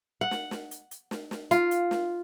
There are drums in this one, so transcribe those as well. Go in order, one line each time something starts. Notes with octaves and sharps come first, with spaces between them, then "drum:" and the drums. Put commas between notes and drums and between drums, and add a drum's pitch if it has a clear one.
F#5
drum: snare
drum: snare
drum: hi-hat
drum: hi-hat
drum: snare
drum: snare
F4, drum: hi-hat
drum: hi-hat
drum: snare